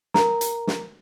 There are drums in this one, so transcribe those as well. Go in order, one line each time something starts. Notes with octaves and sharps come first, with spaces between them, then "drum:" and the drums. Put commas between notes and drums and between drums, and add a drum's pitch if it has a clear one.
A#4 A#5, drum: snare
drum: hi-hat
drum: snare